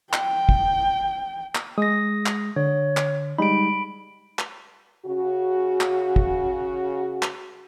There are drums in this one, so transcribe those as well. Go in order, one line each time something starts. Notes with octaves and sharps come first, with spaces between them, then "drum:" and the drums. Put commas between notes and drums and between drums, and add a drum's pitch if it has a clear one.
G5, drum: clap
drum: kick
drum: clap
G#3 D#6 A#6
drum: clap
D3 C#5
drum: clap
G3 G#3 D#4 B5 D7
drum: clap
C#3 F#4
drum: clap
drum: kick
drum: clap